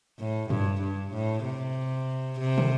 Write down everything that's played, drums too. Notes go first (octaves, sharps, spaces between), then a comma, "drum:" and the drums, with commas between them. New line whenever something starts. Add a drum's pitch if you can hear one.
A2
G2, drum: tom G2
G2
A2
C3
C3
drum: tom